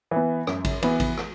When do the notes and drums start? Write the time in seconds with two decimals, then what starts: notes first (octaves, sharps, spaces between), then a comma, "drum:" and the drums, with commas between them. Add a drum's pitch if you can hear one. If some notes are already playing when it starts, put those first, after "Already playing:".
0.11 E3 B3
0.47 F#2, drum: rim click
0.65 drum: kick A1, cymbal
0.83 E3 B3, drum: cymbal
1.00 drum: kick A1, cymbal
1.17 drum: rim click